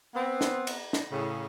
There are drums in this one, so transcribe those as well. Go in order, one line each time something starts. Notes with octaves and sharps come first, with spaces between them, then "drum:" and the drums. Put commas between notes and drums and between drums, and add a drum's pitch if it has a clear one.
B3 C4
drum: snare
drum: cymbal
drum: snare
A2 C#3